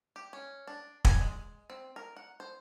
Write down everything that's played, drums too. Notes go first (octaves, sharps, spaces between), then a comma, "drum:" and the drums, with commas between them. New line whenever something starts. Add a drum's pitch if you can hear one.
G4
C#4
D4
G#5, drum: kick
G#3
C4
A#4
F#5
C5